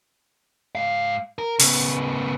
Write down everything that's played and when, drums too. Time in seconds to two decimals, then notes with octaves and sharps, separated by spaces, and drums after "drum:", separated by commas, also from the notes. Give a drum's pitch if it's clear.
0.75 G#2 F5
1.39 A#4
1.59 C#3 B3, drum: open hi-hat